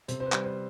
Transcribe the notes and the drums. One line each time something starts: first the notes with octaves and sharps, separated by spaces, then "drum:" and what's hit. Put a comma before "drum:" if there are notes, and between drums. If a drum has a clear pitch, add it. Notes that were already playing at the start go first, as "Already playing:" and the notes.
C3 C5, drum: hi-hat
C5
B4
G3, drum: clap
C5